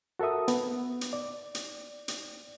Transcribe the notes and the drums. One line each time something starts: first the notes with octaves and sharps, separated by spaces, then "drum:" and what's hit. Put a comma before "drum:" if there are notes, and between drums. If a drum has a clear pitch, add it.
F#4 A4 A#4 E5 D#6
B3, drum: hi-hat
drum: hi-hat
D5
drum: hi-hat
drum: hi-hat